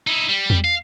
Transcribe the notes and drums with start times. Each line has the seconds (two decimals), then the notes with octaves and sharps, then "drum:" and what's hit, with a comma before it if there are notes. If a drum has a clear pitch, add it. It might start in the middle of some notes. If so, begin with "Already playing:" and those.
0.07 D#4 E4
0.29 G3
0.50 drum: tom E2
0.64 F5